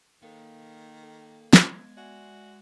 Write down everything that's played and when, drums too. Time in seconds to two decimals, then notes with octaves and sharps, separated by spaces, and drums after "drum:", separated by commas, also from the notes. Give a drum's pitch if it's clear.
0.23 D#3 A#3 A4 A#4 F5 B5
1.03 A4 A#4 G5
1.53 drum: snare
1.73 G#3 B3 G#6
1.97 F#4 D5 E5 G#5